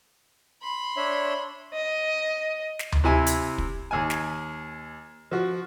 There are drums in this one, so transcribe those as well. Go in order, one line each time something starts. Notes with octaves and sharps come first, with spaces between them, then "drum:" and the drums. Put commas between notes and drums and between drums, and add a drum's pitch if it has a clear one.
B5 C6
D4 C#5 E5
D#5
drum: snare
drum: tom D2
C3 E4 G#5
drum: hi-hat
drum: kick
D#2 G#5
drum: snare
F3 F#4